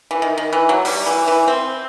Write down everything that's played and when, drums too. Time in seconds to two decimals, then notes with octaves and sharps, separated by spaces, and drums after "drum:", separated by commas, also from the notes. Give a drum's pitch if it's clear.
0.11 E3
0.22 D#3
0.38 D#3
0.53 E3
0.69 F#3
0.85 G3, drum: open hi-hat
1.06 E3
1.28 E3
1.48 C4